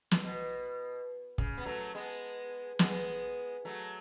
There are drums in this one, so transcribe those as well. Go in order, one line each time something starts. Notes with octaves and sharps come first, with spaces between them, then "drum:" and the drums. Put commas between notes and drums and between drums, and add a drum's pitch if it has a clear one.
drum: snare
B2
C#3, drum: kick
B3
F#3 A3
G#3 B3
G#3 B3, drum: snare
F#3 A3